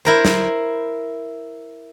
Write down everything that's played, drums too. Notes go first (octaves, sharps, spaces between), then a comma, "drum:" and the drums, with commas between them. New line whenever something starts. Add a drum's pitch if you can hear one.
E4 A#4 C5
drum: snare